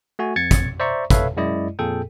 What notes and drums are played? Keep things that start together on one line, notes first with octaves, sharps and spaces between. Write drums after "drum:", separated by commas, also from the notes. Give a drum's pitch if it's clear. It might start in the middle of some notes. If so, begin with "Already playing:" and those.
A3 F#4 G#5
F2 G#6 A6 C#7
drum: kick, hi-hat
C5 D5 E5 A#5 C#6
A4 B4 C#5 E5 F5, drum: kick, hi-hat
F#2 G#3 E4 D5 D#5
F2 A#2 G#4 A4 G5